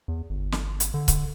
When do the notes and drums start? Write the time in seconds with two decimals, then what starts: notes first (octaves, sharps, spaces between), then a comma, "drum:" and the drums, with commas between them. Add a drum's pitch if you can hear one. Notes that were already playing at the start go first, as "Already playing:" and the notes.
0.08 E2
0.30 G1
0.52 drum: snare
0.80 drum: hi-hat
0.94 D3
1.08 drum: kick C#1, hi-hat